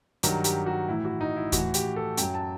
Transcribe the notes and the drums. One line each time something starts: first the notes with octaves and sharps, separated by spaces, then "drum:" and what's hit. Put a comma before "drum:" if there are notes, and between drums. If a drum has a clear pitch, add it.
G2 D#3 F#3 F#4, drum: hi-hat
G4, drum: hi-hat
F#4
A2 E3 E4
F#4
D#4
E4
A2 E3 F#4, drum: kick D#2, hi-hat
G4, drum: hi-hat
A4
F#2 F#3 G5, drum: hi-hat
A5